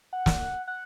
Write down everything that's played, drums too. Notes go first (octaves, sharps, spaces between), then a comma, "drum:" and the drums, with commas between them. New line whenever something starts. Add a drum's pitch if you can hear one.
F#5
drum: snare
F#5